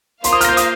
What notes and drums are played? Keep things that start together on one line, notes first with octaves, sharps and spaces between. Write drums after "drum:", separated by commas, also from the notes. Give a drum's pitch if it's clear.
A#3 F4 C5 F5 C6, drum: hi-hat
D#6
F6, drum: hi-hat
A#6
G6
D#6, drum: hi-hat